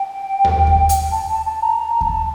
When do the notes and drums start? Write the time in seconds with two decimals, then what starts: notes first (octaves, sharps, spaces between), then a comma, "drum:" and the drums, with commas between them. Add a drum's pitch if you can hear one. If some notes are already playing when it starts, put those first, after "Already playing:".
Already playing: G5
0.45 drum: tom D#2
0.67 drum: kick D#2
0.89 drum: hi-hat
1.11 A5
1.28 A5
1.45 A5
1.62 A#5
1.79 A#5
2.01 A5, drum: kick D#2